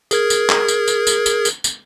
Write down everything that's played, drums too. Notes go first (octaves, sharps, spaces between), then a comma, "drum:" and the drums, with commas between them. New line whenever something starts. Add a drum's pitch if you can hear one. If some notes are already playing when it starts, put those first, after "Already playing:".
G#4 A#4 G#6, drum: tambourine
drum: tambourine
drum: clap
drum: tambourine
drum: tambourine
drum: tambourine
drum: tambourine
drum: tambourine
drum: tambourine